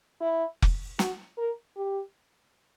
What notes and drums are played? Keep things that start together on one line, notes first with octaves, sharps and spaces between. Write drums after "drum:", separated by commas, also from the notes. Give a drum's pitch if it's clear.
E4
drum: kick F1
F#4, drum: snare
A#4
G4